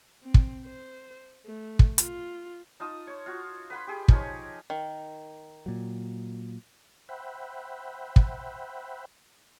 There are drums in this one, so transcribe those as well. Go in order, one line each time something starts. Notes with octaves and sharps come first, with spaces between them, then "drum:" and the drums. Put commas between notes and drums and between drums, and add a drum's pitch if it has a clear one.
C4
drum: kick
C5
A3
drum: kick
F4, drum: hi-hat
D#4 F4 A5 D#6
C#5
F4 F#4
B4 F#5 B5 C6
G4 G#4
F3 D#4 A#4 C#5, drum: kick
D#3
A#2 F#3
C5 E5 F#5 G5 B5
drum: kick